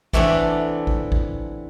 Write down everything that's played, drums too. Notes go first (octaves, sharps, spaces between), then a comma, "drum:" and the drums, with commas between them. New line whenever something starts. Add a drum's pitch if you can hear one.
C3 E3 A3 B3 D4, drum: kick A1
drum: kick A1
drum: kick A1